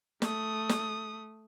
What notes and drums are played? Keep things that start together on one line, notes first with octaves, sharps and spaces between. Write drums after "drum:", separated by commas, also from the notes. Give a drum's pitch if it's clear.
A3 D#6, drum: snare
drum: snare